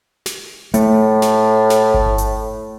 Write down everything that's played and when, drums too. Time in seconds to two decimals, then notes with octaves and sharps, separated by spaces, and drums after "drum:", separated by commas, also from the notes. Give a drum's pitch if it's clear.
0.26 drum: snare
0.74 A2 A3, drum: hi-hat
1.22 drum: snare
1.70 drum: snare
1.94 drum: kick G1
2.18 drum: hi-hat